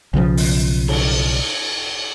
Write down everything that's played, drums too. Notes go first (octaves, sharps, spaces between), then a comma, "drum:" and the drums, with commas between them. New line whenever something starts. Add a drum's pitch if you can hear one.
B1 C#3 E3 F3
drum: open hi-hat
drum: cymbal